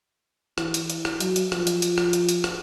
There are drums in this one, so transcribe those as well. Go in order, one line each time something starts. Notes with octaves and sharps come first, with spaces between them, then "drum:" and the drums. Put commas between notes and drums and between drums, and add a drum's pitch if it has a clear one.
E3, drum: rim click
drum: hi-hat
drum: hi-hat
drum: rim click
F#3, drum: hi-hat
drum: hi-hat
F3, drum: rim click
drum: hi-hat
drum: hi-hat
drum: rim click
drum: hi-hat
drum: hi-hat
drum: rim click